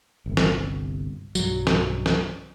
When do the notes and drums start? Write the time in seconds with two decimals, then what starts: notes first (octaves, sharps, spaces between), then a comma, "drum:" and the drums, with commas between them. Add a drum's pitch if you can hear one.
0.26 G1 C2
0.37 drum: snare
1.35 B1 G2 F#3, drum: tambourine
1.67 drum: snare
2.06 drum: snare